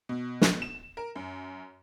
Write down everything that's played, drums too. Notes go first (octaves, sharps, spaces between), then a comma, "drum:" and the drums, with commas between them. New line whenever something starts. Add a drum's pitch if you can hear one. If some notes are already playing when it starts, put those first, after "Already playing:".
B2
drum: snare
E7
A#4
F#2